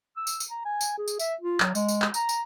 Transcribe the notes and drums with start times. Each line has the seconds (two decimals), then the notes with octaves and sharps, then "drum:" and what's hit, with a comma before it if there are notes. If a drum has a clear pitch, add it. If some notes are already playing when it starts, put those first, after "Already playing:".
0.16 E6
0.27 drum: tambourine
0.40 drum: tambourine
0.50 A#5
0.65 G#5
0.81 drum: tambourine
0.98 G#4
1.08 drum: tambourine
1.19 E5, drum: tambourine
1.41 F4
1.60 F#3, drum: clap
1.75 G#3, drum: tambourine
1.88 drum: tambourine
2.02 drum: clap
2.14 A#5, drum: tambourine
2.29 drum: tambourine